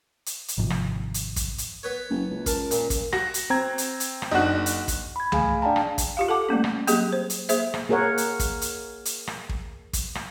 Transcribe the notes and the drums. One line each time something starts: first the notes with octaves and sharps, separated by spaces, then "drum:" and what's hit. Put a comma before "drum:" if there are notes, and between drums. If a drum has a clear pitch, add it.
drum: hi-hat
drum: hi-hat
G#1 G#2 C3 F3
drum: rim click
drum: hi-hat
drum: kick, hi-hat
drum: hi-hat
B3 B4 C#5
F#1
C#2
A#4 A5, drum: kick, hi-hat
A#2, drum: hi-hat
drum: kick, hi-hat
F#4 A#6, drum: rim click
drum: hi-hat
C4 A#5 G#6
drum: hi-hat
drum: hi-hat
drum: rim click
F#1 D4 D#4 F#4 F#6
drum: hi-hat
drum: kick, hi-hat
B5 G#6
A3 G#4 F5 G#5, drum: tom C2
D4 D5 F5 G5 A5 A#5
drum: rim click
drum: kick, hi-hat
F4 G4 F5
A4 F#5 A5 D6
G3 A3 A#3 C#4
drum: rim click
F#3 A#3 C4 G4 G#4 D#5, drum: hi-hat
C5
drum: hi-hat
A#3 G#4 C5 E5, drum: hi-hat
drum: rim click
A#3 G#4 A#4 C#5 F#5
drum: hi-hat
drum: kick, hi-hat
drum: hi-hat
drum: hi-hat
drum: rim click
drum: kick
drum: kick, hi-hat
drum: rim click